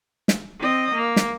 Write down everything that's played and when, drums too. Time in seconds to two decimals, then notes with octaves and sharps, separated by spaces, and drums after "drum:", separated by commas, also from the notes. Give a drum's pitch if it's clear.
0.28 drum: snare
0.59 C4 D#5
0.94 A#3
1.16 drum: snare